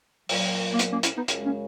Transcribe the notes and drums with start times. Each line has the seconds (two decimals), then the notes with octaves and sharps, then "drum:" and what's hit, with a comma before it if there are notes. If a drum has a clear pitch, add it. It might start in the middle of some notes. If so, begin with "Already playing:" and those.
0.29 A#2 F#3, drum: open hi-hat
0.73 A#3
0.79 B3, drum: hi-hat
0.91 A#3 C#4
1.03 C#4 E4, drum: hi-hat
1.16 B3 D#4
1.28 F#2 C#3 G#3, drum: hi-hat
1.45 A#3 C#4